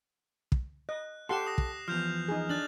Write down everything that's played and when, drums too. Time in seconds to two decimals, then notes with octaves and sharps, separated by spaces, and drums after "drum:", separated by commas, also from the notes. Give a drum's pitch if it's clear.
0.52 drum: kick
0.89 D#5 F#6
1.29 G4 A4 F#5 C6 F#6 C7 E7
1.46 D#6 A#6
1.58 drum: kick
1.88 E2 F3 F6 G6 F7
2.28 D#4 G#4
2.49 D4 F#6 A6 F#7